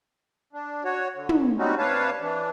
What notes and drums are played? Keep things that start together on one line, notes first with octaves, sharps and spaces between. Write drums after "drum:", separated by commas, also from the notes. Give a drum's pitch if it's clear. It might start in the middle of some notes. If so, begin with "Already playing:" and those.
D4
F#4 C#5
D3
drum: tom
G3 C4 C#4 D#4 F#4
C3 D4 B4 C#5 F5 A5
E3 D4